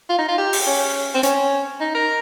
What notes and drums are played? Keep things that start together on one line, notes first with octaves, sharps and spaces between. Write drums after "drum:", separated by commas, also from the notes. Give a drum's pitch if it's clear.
F4
D#4
F4
G4
drum: open hi-hat
C#4
C4
C#4, drum: hi-hat
D#4
A#4